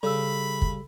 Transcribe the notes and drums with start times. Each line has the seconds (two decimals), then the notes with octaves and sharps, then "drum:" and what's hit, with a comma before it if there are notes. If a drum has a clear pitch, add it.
0.03 C#3 G3 A4 B5 E6
0.62 drum: kick